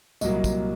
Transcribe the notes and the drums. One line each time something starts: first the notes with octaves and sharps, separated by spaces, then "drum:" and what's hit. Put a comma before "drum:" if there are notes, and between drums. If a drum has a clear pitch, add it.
C2 A#2 F#3 A#3 D#5, drum: tambourine
drum: kick, tambourine